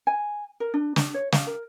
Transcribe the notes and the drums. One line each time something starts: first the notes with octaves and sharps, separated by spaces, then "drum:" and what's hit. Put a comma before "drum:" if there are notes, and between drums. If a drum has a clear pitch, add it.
G#5
A#4
D4
D4, drum: snare
C#5
F5, drum: snare
A#4